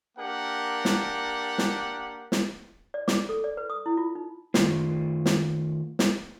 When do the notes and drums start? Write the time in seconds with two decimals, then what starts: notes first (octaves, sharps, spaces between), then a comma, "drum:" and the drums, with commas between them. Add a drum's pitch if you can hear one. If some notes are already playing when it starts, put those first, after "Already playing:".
0.18 A#3 D4 G4 A#4 F#5
0.85 drum: snare
1.58 drum: snare
2.32 drum: snare
2.94 D5
3.08 D6, drum: snare
3.29 A4
3.44 D5
3.57 B4
3.70 D#6
3.86 E4
3.97 F4
4.15 D#4
4.54 D#3 A3 F4, drum: snare
5.26 drum: snare
5.99 drum: snare